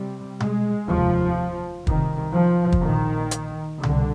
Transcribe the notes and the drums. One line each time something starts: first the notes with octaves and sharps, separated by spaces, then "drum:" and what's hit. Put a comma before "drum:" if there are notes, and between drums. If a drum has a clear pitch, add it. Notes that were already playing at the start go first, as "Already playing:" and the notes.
Already playing: C3 G3
G#3, drum: tom B2
F1 D#2 F3
C2 C3 D#3, drum: kick
F3
drum: kick
A#1 A#2 D#3
drum: hi-hat
C2 D3, drum: tom B2